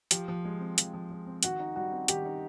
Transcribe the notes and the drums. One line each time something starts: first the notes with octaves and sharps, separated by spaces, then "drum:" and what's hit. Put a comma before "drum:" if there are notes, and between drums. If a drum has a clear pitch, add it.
F3 G4, drum: hi-hat
F3
G#3
C4
F3, drum: hi-hat
F3
G#3
C4
D#3 F#4, drum: hi-hat
D#4
G3 F#4
C4
D#3 G4, drum: hi-hat
D#4